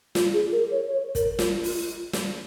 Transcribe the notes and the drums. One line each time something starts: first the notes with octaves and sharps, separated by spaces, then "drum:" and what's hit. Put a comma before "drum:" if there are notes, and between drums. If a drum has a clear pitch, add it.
F4, drum: snare
G#4
A#4
C#5
C#5
A#4, drum: kick, hi-hat
F4, drum: snare
F4, drum: open hi-hat
drum: snare